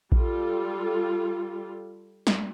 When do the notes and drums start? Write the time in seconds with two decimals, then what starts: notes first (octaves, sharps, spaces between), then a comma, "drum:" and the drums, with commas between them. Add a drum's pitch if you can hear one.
0.12 G3 F4 A4, drum: kick A#1
2.27 drum: snare